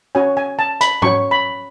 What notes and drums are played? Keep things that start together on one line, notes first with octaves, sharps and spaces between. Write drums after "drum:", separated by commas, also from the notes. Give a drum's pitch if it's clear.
C#4 F#4 C#5 G#5
G#5
A5
B5, drum: hi-hat
C#4 F#4 C#5 C#6, drum: tom G#2
B5